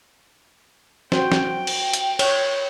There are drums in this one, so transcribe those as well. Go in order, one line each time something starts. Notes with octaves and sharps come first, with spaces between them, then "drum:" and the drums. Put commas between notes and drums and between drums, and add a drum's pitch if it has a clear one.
F#4 C5 G5, drum: snare
drum: snare
drum: cymbal
drum: hi-hat
C#5, drum: cymbal